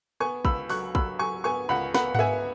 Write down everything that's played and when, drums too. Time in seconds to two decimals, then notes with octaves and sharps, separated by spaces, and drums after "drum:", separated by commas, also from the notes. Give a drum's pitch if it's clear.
0.20 B3 G#5 C#6
0.45 C#2 B5 E6, drum: kick
0.70 F#3 C#6 F#6, drum: open hi-hat
0.95 F#3 B5 E6, drum: kick
1.19 F#3 G#5 C#6
1.44 B3 G#5 C#6
1.69 C#2 F#5 B5
1.94 B3 F#5 B5, drum: snare
2.15 F#5, drum: tom G#2
2.19 B3 E5 G#5